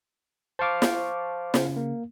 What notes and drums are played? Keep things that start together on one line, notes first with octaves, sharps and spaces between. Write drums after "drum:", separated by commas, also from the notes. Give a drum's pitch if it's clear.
C5 F5 A5 C#6 D6
drum: snare
C#3, drum: snare
A#3